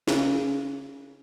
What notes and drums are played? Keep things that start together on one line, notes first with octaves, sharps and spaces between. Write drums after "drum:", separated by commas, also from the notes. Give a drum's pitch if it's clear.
C#3, drum: snare